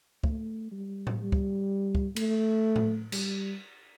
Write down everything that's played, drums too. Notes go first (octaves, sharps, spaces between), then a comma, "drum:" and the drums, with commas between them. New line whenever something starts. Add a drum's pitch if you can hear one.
A3, drum: kick
G3
drum: tom A2
G3
drum: kick
drum: kick
A3, drum: cymbal
drum: tom A2
G3, drum: cymbal